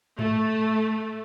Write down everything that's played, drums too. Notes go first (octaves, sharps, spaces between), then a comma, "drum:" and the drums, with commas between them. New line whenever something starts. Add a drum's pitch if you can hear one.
A3, drum: tom G#2